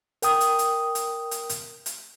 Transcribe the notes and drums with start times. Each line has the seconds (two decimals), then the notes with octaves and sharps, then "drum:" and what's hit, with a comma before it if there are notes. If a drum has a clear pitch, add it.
0.22 A#4 G5 D#6, drum: hi-hat
0.41 drum: hi-hat
0.59 drum: hi-hat
0.95 drum: hi-hat
1.31 drum: hi-hat
1.49 drum: hi-hat
1.86 drum: hi-hat